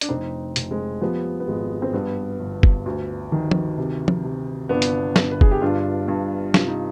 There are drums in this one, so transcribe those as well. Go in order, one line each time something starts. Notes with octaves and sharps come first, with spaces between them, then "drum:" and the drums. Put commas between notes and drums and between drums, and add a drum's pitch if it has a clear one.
D4, drum: hi-hat
F1 C4 D#4
F1, drum: hi-hat
G#3 C4
F3 G3 B3
B3
G#1 G#3
C4
G2 G3 B3
G1
drum: kick F#1
D2
D#3
drum: tom F3
C3
drum: tom F3
C3
G1 B3 D4
drum: hi-hat
G1, drum: snare
B4
G#4, drum: kick F#1
G4
G2 D4 F4
G2
C3 F4, drum: snare
D#4